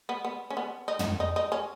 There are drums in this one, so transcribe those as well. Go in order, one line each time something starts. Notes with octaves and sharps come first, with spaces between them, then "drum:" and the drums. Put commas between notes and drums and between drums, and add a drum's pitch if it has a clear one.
B3
B3
C#4
B3
D#4
drum: tom
D#4
D#4
C#4